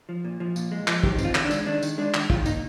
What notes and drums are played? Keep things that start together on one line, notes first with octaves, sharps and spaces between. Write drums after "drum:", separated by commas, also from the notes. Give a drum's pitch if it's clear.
F3
A#2
F3
A#2, drum: tambourine
G#3
F3, drum: clap
D#3 G4, drum: kick
C4, drum: tambourine
F4
D#3, drum: clap
D4
G#3, drum: tambourine
D#3 D4
D#3, drum: tambourine
G#3 D4
D#3, drum: clap
D#3 F4, drum: kick
A#3 D#4, drum: tambourine